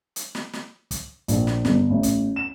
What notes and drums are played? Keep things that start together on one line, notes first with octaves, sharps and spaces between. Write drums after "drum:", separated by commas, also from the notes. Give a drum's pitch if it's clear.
drum: hi-hat
drum: snare
drum: snare
drum: kick, hi-hat
A#1, drum: hi-hat
drum: snare
G1, drum: snare
A1
drum: kick, hi-hat
E7